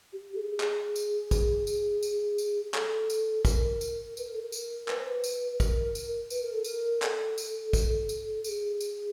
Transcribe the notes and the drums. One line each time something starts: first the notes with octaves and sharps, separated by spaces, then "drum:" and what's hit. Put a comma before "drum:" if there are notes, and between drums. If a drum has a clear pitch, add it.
G4
A4
G#4
G#4, drum: clap
drum: tambourine
drum: kick, tambourine
drum: tambourine
drum: tambourine
drum: tambourine
G#4
A4, drum: clap
drum: tambourine
A#4, drum: kick, tambourine
drum: tambourine
B4, drum: tambourine
A#4
A4
A#4
drum: tambourine
B4, drum: clap
C5
B4
drum: tambourine
B4
A#4, drum: kick, tambourine
drum: tambourine
B4, drum: tambourine
A#4
A4
A#4, drum: tambourine
A4, drum: clap
drum: tambourine
drum: kick, tambourine
drum: tambourine
A4, drum: tambourine
G#4
drum: tambourine